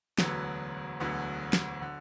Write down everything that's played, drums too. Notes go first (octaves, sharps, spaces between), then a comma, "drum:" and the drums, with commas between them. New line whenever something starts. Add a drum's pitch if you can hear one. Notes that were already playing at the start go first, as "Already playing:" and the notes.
E1 D2 D3 F#3 B3, drum: snare
E1 D2 D3 F#3 B3
drum: snare
D3